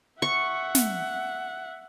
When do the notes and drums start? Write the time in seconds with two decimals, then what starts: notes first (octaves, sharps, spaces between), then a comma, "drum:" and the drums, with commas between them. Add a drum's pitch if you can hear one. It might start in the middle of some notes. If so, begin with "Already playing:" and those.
0.22 E5 F#5 C#6
0.75 drum: snare